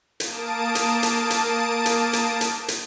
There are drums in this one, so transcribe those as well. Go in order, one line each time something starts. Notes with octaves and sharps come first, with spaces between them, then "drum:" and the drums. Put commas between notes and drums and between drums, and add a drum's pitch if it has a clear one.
A#3 A5 D#6 D7, drum: hi-hat
drum: hi-hat
drum: hi-hat
drum: hi-hat
drum: hi-hat
drum: hi-hat
drum: hi-hat
drum: hi-hat